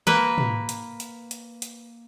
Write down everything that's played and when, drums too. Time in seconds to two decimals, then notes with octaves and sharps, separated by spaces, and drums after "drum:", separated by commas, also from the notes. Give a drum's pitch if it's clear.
0.07 A#3 B4
0.38 drum: tom
0.69 drum: hi-hat
1.00 drum: hi-hat
1.31 drum: hi-hat
1.62 drum: hi-hat